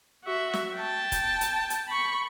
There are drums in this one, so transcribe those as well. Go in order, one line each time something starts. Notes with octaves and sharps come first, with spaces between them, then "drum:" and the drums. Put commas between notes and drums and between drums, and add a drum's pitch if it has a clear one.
F#4 E5
drum: snare
G5 A5
drum: kick, hi-hat
drum: hi-hat
drum: hi-hat
B5 C#6